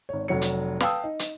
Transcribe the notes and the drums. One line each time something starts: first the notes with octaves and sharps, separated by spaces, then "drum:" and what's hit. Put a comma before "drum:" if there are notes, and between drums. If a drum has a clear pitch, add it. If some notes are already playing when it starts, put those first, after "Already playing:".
G#1 C#5
F1 F#3 C#5 C#7
drum: hi-hat
B4 F5 G5 A5 D#6 E6, drum: snare
D#4
drum: hi-hat